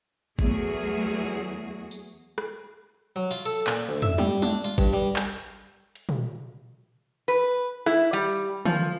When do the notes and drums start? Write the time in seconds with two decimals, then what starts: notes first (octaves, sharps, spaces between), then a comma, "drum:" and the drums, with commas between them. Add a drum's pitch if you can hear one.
0.39 E2 F#3 A3 F#4 G#4, drum: kick G#1
1.91 drum: tambourine
2.38 drum: rim click
3.16 F#3
3.31 F4, drum: open hi-hat
3.46 A4
3.67 A#2, drum: clap
3.89 D2
4.02 E5, drum: tom
4.18 G3, drum: tom
4.42 D4, drum: tom
4.64 F4
4.78 G2, drum: kick G#1
4.93 G3
5.16 drum: clap
5.95 drum: hi-hat
6.09 drum: tom
7.28 B4
7.86 E4, drum: rim click
8.13 G3
8.65 F3, drum: tom